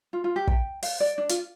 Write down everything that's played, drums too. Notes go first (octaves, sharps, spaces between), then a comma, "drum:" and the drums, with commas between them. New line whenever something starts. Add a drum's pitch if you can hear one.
F4
F4
G4
G5, drum: kick
F5, drum: open hi-hat
D5
D4
F4, drum: hi-hat